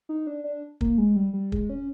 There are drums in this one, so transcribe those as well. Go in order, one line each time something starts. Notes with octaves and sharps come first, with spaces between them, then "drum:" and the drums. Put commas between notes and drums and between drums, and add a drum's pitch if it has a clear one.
D#4
D4
D4
A#3, drum: kick
G#3
G3
G3
G#3, drum: kick
C#4